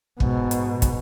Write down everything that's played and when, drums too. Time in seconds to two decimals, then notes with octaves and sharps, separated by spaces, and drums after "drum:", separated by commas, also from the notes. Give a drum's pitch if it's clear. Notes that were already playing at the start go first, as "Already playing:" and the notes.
0.20 G#2 B2, drum: kick
0.51 drum: hi-hat
0.82 drum: kick, hi-hat